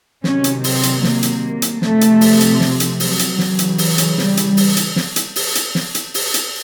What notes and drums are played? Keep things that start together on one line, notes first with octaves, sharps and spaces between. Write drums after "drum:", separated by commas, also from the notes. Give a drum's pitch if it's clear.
C3 D#3 F#3 C#4, drum: snare
drum: hi-hat
C4, drum: open hi-hat
drum: hi-hat
A#3, drum: snare
drum: hi-hat
drum: hi-hat
C3 F3 A3, drum: snare
drum: hi-hat
drum: open hi-hat
drum: hi-hat
drum: snare
drum: hi-hat
F#3, drum: open hi-hat
drum: hi-hat
C#3 E3, drum: snare
drum: hi-hat
drum: open hi-hat
drum: hi-hat
G3, drum: snare
drum: hi-hat
drum: open hi-hat
drum: hi-hat
drum: snare
drum: hi-hat
drum: open hi-hat
drum: hi-hat
drum: snare
drum: hi-hat
drum: open hi-hat
drum: hi-hat